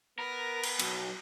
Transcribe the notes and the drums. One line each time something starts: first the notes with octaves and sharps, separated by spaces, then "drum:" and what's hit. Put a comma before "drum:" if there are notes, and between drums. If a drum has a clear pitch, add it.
B3 A#4
drum: cymbal
B1, drum: cymbal